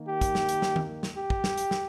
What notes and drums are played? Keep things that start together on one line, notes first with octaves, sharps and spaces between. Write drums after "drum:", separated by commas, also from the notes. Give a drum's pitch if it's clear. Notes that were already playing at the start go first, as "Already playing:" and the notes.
Already playing: D#3 A#3
G4
drum: kick, hi-hat
drum: snare
drum: hi-hat
drum: snare
drum: tom D#3
drum: snare
G4
drum: kick
drum: snare
drum: hi-hat
drum: snare